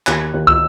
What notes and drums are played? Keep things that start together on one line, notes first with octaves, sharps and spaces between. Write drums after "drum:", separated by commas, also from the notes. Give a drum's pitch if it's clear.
D#2 F#6, drum: clap
D#2
E6, drum: kick